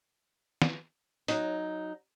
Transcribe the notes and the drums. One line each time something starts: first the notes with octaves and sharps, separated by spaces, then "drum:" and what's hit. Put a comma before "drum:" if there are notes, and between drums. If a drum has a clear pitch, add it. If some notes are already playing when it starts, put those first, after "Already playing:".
drum: snare
F#3 D#4, drum: hi-hat